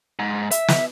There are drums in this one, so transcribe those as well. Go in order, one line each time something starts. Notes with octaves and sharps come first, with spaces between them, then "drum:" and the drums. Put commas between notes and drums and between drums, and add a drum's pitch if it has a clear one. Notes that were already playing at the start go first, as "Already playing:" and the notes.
G#2
E5, drum: hi-hat
drum: snare